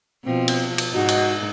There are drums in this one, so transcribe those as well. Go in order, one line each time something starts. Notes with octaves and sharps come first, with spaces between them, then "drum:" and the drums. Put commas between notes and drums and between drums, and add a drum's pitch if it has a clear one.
B2 F3 C4
drum: cymbal
drum: cymbal
G#2 G#3 D#4 F#4
drum: cymbal